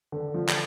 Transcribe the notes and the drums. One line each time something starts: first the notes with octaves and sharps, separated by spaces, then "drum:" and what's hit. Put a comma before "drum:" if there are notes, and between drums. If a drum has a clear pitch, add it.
D3
F3
drum: clap